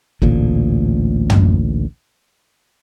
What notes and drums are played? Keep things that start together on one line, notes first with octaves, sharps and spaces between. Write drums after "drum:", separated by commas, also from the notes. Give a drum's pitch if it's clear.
A1 D2 A#2, drum: kick
drum: tom